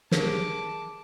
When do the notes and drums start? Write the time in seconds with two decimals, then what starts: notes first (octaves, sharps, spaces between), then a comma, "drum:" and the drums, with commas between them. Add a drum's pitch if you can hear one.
0.11 G4 G#4 A#4 A5 D6, drum: snare